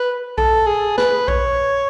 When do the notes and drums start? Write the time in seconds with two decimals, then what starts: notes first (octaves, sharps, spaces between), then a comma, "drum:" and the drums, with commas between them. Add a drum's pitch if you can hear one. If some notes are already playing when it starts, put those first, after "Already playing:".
Already playing: B4
0.38 A4, drum: kick A#1
0.67 G#4
0.98 B4, drum: snare
1.28 C#5, drum: kick A#1